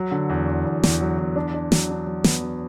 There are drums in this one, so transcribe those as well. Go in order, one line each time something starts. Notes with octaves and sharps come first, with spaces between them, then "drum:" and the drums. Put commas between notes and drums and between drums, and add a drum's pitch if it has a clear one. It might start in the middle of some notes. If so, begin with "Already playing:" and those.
Already playing: F#3
D3
E2
E2
E2
E2, drum: snare
F#3
E2
D4
D4
F#3, drum: snare
D4
F#3
B3, drum: snare
F#3